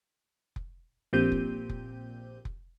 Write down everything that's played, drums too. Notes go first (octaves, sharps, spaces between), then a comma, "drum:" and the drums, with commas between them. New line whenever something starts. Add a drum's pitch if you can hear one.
drum: kick F1
A#1 A#2 C4 G4 G6 D#7
drum: kick F1
drum: kick F1
drum: kick F1